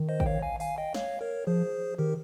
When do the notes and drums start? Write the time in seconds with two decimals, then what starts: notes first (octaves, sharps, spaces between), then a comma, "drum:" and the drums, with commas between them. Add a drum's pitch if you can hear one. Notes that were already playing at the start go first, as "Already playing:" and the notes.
Already playing: D#3
0.09 C5 D#5
0.20 G5, drum: kick A1
0.26 C#5 F5
0.42 F5 G#5
0.60 F5 G#5, drum: open hi-hat
0.78 D#5 G5
0.94 C#5 F5, drum: snare
1.21 A#4 C#5
1.47 F3 G#4 C5
1.98 D#3 G4 A#4